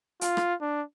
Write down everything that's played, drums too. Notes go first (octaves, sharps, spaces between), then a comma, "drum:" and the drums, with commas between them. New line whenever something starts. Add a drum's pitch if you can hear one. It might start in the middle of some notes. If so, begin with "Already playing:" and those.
F4, drum: hi-hat
drum: rim click
D4